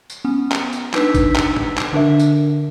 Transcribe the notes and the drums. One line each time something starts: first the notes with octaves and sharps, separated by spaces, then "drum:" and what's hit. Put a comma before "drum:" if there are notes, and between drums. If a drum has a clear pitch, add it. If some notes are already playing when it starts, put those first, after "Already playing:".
drum: tambourine
B3 C#4
drum: clap
drum: tambourine
D4 D#4 B4 E6 B6, drum: clap
drum: kick, tambourine
drum: clap
drum: tom
drum: clap
D3 D4 A#4 E5
drum: tambourine